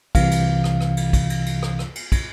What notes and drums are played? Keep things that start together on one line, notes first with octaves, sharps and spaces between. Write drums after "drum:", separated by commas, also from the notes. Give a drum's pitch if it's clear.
C2 C3 E3 F5, drum: kick, cymbal
drum: cymbal
drum: rim click
drum: rim click
drum: cymbal
drum: kick, cymbal
drum: cymbal
drum: cymbal
drum: rim click
drum: rim click
drum: cymbal
drum: kick, cymbal